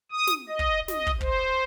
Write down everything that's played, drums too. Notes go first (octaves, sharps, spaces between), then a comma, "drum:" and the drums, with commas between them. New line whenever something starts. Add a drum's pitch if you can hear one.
D#6
drum: snare
D#5
drum: kick
D#5, drum: snare
drum: kick
C5, drum: kick